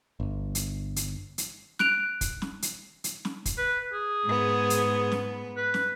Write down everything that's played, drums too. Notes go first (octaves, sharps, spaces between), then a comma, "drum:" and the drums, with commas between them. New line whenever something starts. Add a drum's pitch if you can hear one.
G1
drum: hi-hat
drum: hi-hat
drum: hi-hat
F#6 D7 F7, drum: snare
drum: kick, hi-hat
drum: snare
drum: hi-hat
drum: hi-hat
drum: snare
drum: kick, hi-hat
B4
G#4
G#2 B3
drum: hi-hat
drum: snare
B4
drum: snare